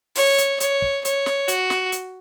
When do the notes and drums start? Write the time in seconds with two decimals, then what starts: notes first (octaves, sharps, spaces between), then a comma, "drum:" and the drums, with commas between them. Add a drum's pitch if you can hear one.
0.16 C#5, drum: open hi-hat
0.38 drum: hi-hat
0.60 C#5, drum: hi-hat
0.82 drum: kick
1.05 C#5, drum: hi-hat
1.26 drum: snare
1.48 F#4, drum: hi-hat
1.70 drum: snare
1.92 drum: hi-hat